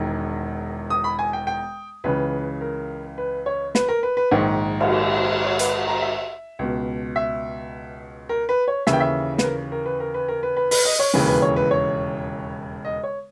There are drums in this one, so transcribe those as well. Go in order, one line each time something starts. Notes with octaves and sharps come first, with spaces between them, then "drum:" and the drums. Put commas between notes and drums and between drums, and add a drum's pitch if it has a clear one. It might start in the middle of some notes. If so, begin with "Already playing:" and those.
Already playing: E1 E2 D#3
D#6
B5
G#5
G5
G5
C#2 C#3 E3 B4
A#4
B4
C#5
B4, drum: snare
A#4
B4
B4
A#1 G#2 D#3
drum: cymbal
C#5
B4, drum: hi-hat
A#5
E5
C#2 B2
E5
A#4
B4
C#5
D#2 C#3 E3 E5, drum: snare
G5
E5
B4, drum: snare
A#4
A#4
B4
A#4
B4
A#4
B4
B4
B4, drum: open hi-hat
D#5
C#5
E1 D#2 C#3 E3 B4
B4
C#5
B4
C#5
D#5
C#5